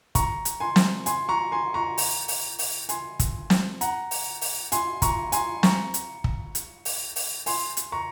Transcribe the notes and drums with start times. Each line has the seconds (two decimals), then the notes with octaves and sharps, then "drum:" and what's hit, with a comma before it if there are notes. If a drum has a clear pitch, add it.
0.15 A#5 C#6, drum: kick, hi-hat
0.45 drum: hi-hat
0.60 G#5 C6
0.76 drum: snare
1.06 G#5 C6, drum: hi-hat
1.29 A#5 C#6
1.52 G#5 C6
1.74 A#5 C#6
1.98 drum: open hi-hat
2.28 drum: open hi-hat
2.59 drum: open hi-hat
2.89 G#5 C6, drum: hi-hat
3.20 drum: kick, hi-hat
3.50 drum: snare
3.81 F#5 A#5, drum: hi-hat
4.11 drum: open hi-hat
4.41 drum: open hi-hat
4.72 G#5 C6, drum: hi-hat
5.02 A#5 C#6, drum: kick, hi-hat
5.32 G#5 C6, drum: hi-hat
5.63 A#5 C#6, drum: snare
5.94 drum: hi-hat
6.24 drum: kick
6.55 drum: hi-hat
6.85 drum: open hi-hat
7.16 drum: open hi-hat
7.46 G#5 C6, drum: open hi-hat
7.77 drum: hi-hat
7.92 A#5 C#6